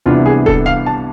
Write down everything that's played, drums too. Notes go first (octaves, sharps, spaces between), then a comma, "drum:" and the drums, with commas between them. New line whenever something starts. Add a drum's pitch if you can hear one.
C2 C3 E3 B3 D4 F4
G#4
A4, drum: kick D#1
F5
A5